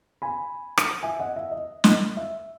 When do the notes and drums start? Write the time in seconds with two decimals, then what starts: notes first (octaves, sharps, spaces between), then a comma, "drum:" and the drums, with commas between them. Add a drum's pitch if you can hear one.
0.22 G#5 B5
0.78 drum: rim click
1.03 E5 G#5
1.19 D#5 F#5
1.36 E5
1.51 D#5
1.84 D#5, drum: snare
2.17 E5